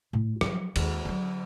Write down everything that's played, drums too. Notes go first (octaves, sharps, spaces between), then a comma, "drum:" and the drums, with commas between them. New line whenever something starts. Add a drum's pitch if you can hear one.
A2
F3 F#3, drum: rim click
D#2 G#3, drum: cymbal
D3 F#3